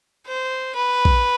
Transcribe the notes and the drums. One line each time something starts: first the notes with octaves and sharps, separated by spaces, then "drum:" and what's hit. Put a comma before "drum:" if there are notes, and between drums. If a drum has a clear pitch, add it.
C5
B4
drum: kick A#1